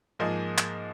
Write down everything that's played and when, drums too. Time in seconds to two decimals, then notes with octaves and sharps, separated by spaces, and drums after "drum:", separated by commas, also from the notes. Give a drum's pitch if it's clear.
0.19 G#2 F3 A#3 G#4 D#5
0.58 drum: clap